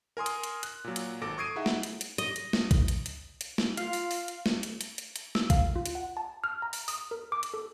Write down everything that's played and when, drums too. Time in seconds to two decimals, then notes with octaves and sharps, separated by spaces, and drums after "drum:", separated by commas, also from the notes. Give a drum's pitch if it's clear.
0.17 A#4 G#5 C6 D#6
0.26 drum: hi-hat
0.44 drum: hi-hat
0.63 F#6, drum: hi-hat
0.84 A#2 F#3
0.96 drum: hi-hat
1.22 G#1 A4 D6 A#6 D7
1.38 C#6 D#6 G#6 C7 D7 D#7
1.56 D#4 E4 G#4 E5 F#5
1.66 drum: snare
1.83 drum: hi-hat
2.01 drum: hi-hat
2.18 D#5, drum: hi-hat
2.36 drum: hi-hat
2.53 drum: snare
2.71 drum: kick A#1, hi-hat
2.88 drum: hi-hat
3.06 drum: hi-hat
3.41 drum: hi-hat
3.58 drum: snare
3.77 F4 F5, drum: hi-hat
3.93 drum: open hi-hat
4.11 drum: open hi-hat
4.28 drum: hi-hat
4.46 drum: snare
4.63 drum: hi-hat
4.81 drum: hi-hat
4.98 drum: hi-hat
5.16 drum: hi-hat
5.35 E6, drum: snare
5.50 F5, drum: kick A#1, hi-hat
5.76 F4
5.86 drum: hi-hat
5.95 F#5
6.17 A5
6.44 F6
6.62 A#5
6.73 drum: open hi-hat
6.88 D#6, drum: open hi-hat
7.11 A#4
7.32 D6
7.43 drum: hi-hat
7.54 A4